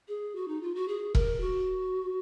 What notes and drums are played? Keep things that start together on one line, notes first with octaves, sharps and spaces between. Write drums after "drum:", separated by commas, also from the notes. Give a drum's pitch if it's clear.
G#4
F#4
D#4
F4
F#4
G#4
A#4, drum: kick E1
F#4